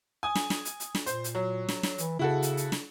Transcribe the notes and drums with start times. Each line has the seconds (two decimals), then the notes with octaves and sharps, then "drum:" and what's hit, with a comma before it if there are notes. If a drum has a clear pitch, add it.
0.23 G#5 D#6
0.35 drum: snare
0.50 drum: snare
0.65 drum: hi-hat
0.80 drum: hi-hat
0.95 drum: snare
1.06 A#2 C5, drum: hi-hat
1.24 drum: hi-hat
1.35 F#3
1.69 drum: snare
1.83 drum: snare
1.98 E3, drum: hi-hat
2.19 C#3 E4 F#4 A4
2.42 drum: hi-hat
2.57 drum: hi-hat
2.72 drum: snare